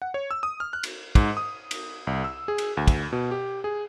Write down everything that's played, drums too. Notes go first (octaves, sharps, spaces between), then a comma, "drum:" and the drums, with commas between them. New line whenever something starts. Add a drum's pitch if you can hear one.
F#5
C#5
E6
D#6
F6
F#6
drum: cymbal
G#2, drum: kick, cymbal
D#6
drum: cymbal
C2
E6
G#4
drum: cymbal
D2
drum: kick, cymbal
B2
G4
G#4